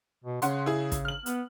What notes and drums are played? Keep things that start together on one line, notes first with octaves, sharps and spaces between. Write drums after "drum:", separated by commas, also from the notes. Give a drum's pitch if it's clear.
B2
C#3 C#4 F#5 C6, drum: hi-hat
E4 G#4
drum: kick, hi-hat
F6 F#7
B3, drum: hi-hat